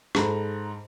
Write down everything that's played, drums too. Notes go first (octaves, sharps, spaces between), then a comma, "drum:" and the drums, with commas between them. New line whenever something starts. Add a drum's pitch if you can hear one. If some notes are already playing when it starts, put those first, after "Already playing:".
G#2 A4 A#5 B5, drum: rim click